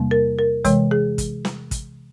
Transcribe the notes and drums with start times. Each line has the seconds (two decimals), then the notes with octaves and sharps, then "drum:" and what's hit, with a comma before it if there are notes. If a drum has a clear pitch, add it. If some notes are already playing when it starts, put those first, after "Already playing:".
Already playing: E2 C3 G3 A#3
0.11 A#4
0.39 A#4
0.65 C3 E3 G#3 C#5, drum: kick, hi-hat
0.91 G#4
1.18 drum: kick, hi-hat
1.45 drum: snare
1.71 drum: kick, hi-hat